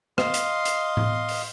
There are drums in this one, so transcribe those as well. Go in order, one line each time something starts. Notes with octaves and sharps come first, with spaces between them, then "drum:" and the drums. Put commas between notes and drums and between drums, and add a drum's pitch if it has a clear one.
D#5 F5 C6, drum: rim click
drum: hi-hat
drum: hi-hat
drum: tom A2
drum: open hi-hat